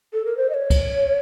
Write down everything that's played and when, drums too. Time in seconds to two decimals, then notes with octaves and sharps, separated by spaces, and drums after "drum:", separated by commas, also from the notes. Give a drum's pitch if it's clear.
0.13 A4
0.25 A#4
0.37 C5
0.50 D#5
0.54 C#5
0.70 drum: kick C#2, cymbal